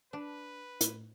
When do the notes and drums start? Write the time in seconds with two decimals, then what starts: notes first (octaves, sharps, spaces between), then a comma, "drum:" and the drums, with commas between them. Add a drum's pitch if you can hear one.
0.13 D4 B4
0.81 A2, drum: hi-hat